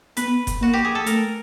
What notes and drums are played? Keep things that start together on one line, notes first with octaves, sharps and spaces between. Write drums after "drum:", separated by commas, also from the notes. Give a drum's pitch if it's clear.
B3 B4, drum: hi-hat
drum: kick F#1, hi-hat
A#3 F#4
G4
G#4
A4
A3 A#4, drum: hi-hat